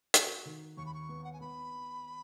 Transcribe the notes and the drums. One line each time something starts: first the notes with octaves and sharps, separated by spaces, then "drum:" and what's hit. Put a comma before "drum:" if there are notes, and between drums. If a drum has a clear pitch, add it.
F#4, drum: hi-hat
D#3
D#2 C#6
B5
C#6
B3
F#5
G#5
B3 B5